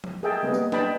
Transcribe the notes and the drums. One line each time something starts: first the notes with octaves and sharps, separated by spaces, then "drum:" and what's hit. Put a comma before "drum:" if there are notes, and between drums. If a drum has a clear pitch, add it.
drum: tom
G#4 A#4 D#5 E5 G5 A5
G3 A#3 B3 G#4 B4 D#5
drum: tambourine
D4 B4 D#5 G5 A5 B5, drum: snare